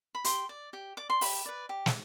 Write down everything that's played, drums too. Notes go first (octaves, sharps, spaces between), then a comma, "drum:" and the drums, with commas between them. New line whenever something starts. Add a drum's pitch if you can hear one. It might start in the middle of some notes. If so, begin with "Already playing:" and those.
B5
G4 C6, drum: hi-hat
D5
G4
D5 D6
C6
G4 B5, drum: open hi-hat
B4 D5
G4
drum: snare